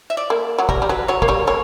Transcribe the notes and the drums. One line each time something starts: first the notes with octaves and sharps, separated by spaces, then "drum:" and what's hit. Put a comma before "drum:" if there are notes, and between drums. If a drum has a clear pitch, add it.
E5
D5
A#3
F#3
G3 A#4, drum: kick
G3
F#3 B4
F#3 C#5
A#3, drum: kick
G3 C#5
A#3 C#5